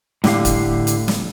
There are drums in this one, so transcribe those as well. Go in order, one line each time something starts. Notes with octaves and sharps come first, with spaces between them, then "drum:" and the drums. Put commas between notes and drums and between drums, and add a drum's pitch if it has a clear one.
A2 D3 G4 F5, drum: snare
drum: kick, hi-hat
drum: hi-hat
drum: snare